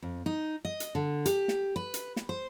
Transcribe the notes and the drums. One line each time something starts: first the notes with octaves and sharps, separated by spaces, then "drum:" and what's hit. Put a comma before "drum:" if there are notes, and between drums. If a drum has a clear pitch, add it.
F2
D#4
D#5
drum: hi-hat
D3
G4, drum: hi-hat
drum: snare
B4
drum: hi-hat
drum: snare
C5